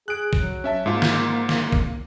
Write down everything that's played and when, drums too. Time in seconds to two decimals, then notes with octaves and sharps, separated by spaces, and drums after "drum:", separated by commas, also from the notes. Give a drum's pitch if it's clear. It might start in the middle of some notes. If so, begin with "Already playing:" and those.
0.08 G#4 F#6 D7
0.33 F#3, drum: kick
0.64 C#4 E5 A5
0.86 G#2 A#3 F4
1.02 drum: snare
1.49 drum: snare
1.72 drum: kick